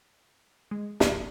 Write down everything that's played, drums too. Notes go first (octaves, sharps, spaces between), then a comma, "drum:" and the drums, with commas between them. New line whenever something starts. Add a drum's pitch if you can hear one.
G#3
D1 B1, drum: snare